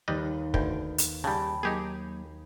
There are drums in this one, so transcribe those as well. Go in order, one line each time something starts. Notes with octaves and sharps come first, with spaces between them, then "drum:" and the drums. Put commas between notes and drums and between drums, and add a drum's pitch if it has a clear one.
D#2 D#3 G3 A#3 B4 D#5
D2 B4 G5, drum: kick
drum: hi-hat
C#3 G3 G5 A5 B5
F#3 A#3 D#4 G4 G#4